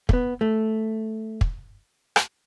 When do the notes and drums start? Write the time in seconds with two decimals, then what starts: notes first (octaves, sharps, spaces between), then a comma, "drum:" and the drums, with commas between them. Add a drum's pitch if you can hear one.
0.09 A3, drum: kick
0.13 B3
0.41 A3
1.41 drum: kick
2.16 drum: rim click